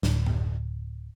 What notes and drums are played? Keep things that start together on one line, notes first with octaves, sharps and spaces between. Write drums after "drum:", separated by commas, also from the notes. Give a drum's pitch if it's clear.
D1, drum: snare
drum: tom F#2